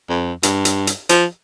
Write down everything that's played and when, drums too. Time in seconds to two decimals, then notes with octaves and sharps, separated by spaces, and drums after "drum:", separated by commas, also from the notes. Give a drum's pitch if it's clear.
0.10 F2
0.43 G2, drum: hi-hat
0.65 drum: hi-hat
0.87 drum: hi-hat
1.09 F3, drum: hi-hat